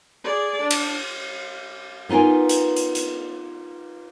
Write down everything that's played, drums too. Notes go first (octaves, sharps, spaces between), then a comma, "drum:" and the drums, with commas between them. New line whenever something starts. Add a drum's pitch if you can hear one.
G#4 D5
D4
drum: cymbal
B3 D#4 F4 A#4 G#5
drum: hi-hat
drum: hi-hat
drum: hi-hat